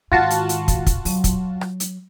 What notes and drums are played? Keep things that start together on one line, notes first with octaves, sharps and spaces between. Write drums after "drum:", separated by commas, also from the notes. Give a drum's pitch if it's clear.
G#2 D#3 F4 F#4 A5
drum: hi-hat
drum: hi-hat
drum: kick, hi-hat
drum: kick, hi-hat
F#3, drum: open hi-hat
drum: kick, hi-hat
drum: rim click
drum: hi-hat